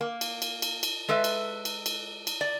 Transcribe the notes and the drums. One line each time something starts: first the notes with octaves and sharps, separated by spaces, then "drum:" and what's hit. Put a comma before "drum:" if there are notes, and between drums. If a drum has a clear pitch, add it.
A#3
drum: cymbal
drum: cymbal
drum: cymbal
drum: cymbal
G#3 A4 B4 E5
drum: cymbal
drum: cymbal
drum: cymbal
drum: cymbal
D5